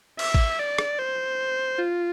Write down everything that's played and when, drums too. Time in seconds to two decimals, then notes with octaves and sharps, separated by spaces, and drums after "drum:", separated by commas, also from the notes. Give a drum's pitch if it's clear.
0.19 E5, drum: cymbal
0.35 drum: kick A1
0.59 D5
0.78 drum: rim click
0.99 C5
1.78 F4